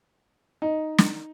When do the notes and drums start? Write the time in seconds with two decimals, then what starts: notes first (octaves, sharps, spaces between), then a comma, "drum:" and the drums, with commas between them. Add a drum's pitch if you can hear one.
0.62 D#4
0.98 drum: snare